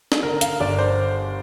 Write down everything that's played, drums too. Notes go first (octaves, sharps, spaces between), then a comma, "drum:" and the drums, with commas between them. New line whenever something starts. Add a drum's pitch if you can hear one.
drum: snare
D3 A#4
F5, drum: hi-hat
G1 D5
C5